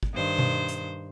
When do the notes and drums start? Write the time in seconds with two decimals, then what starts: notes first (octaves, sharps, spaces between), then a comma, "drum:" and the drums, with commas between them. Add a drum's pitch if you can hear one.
0.03 drum: kick G#1
0.14 G2 D#3 C5
0.39 drum: tom B2
0.69 drum: hi-hat